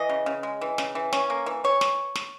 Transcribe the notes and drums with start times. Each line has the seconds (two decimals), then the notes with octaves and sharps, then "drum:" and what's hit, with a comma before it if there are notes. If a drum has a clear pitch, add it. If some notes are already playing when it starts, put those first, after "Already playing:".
Already playing: E3 D#5
0.09 C#3
0.26 C#3
0.43 G#3
0.61 E3
0.78 C#3, drum: snare
0.95 E3
1.13 C#4, drum: snare
1.30 A#3
1.46 E3
1.64 E3 C#5
1.81 drum: snare
2.15 drum: snare